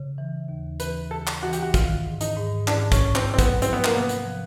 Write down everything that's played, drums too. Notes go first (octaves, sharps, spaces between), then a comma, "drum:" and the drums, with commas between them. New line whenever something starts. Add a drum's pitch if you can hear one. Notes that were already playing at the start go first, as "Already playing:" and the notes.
Already playing: C#3
E3
D#2
E3 B4, drum: hi-hat
C#3 A4
drum: clap
E3 F#4
G4, drum: hi-hat
F#4
D#3 F4, drum: kick, hi-hat
G#2
D#4, drum: hi-hat
G#2
G#2 D4, drum: clap
C#4, drum: kick, hi-hat
G#2
C4, drum: clap
F#3 C4
B3, drum: kick, hi-hat
F3 C4, drum: hi-hat
B3
A#3, drum: clap
C3 B3
drum: hi-hat
F3